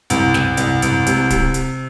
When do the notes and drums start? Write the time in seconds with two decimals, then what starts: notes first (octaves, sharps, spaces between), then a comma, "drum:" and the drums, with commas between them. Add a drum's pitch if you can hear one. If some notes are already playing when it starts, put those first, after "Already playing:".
0.10 C2, drum: hi-hat
0.34 C2, drum: snare
0.57 C2, drum: hi-hat
0.82 C2, drum: hi-hat
1.07 C3, drum: hi-hat
1.30 C3, drum: kick D1, hi-hat
1.54 drum: hi-hat